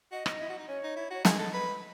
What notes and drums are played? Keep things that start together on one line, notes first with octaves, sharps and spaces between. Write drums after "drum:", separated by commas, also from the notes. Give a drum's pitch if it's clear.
F#4 D#5
D#4, drum: rim click
E4
F#4
D#4
C#4 C#5
D#4
E4
F#4 C#5
G#4 D#5, drum: snare
A4
B4